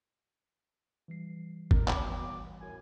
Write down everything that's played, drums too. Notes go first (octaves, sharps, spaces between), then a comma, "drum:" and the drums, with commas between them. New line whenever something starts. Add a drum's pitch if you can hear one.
E3 G3 C7
A#4 D#5, drum: kick
F#3 B3 D6, drum: clap
F#2 A2 G#5